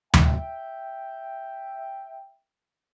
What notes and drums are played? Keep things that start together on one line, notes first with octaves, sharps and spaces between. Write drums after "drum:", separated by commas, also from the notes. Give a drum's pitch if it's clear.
E5 G5, drum: tom D2